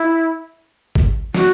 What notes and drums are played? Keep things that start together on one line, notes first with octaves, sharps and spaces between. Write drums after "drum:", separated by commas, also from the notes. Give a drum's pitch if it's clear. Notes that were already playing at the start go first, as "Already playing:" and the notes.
Already playing: E4
drum: kick G#1
F#4, drum: snare